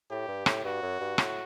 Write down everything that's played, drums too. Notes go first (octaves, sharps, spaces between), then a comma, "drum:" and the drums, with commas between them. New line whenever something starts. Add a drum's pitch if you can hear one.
A2 G4
G2
A2, drum: rim click
G2 F#4
F#2
G2
A2, drum: rim click